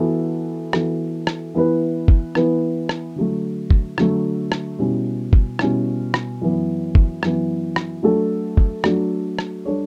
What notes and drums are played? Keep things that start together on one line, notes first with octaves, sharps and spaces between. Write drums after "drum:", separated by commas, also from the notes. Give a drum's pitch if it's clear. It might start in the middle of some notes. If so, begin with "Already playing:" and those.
Already playing: E3 B3 F#4 A4
E3 B3 F#4 A4, drum: rim click
drum: rim click
E3 B3 E4 B4
drum: kick
E3 B3 E4 B4, drum: rim click
drum: rim click
D3 F#3 A3
drum: kick
D3 F#3 A3, drum: rim click
drum: rim click
B2 G3 C#4 E4
drum: kick
B2 G3 C#4 E4, drum: rim click
drum: rim click
F#2 E3 B3
drum: kick
F#2 E3 B3, drum: rim click
drum: rim click
F#3 A3 D4 F#4 A4
drum: kick
F#3 A3 D4 F#4 A4, drum: rim click
drum: rim click
G3 D4 A4 C#5